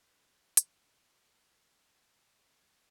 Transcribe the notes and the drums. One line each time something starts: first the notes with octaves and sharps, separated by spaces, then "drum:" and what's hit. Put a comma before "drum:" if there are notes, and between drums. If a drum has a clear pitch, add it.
D4 B4
drum: hi-hat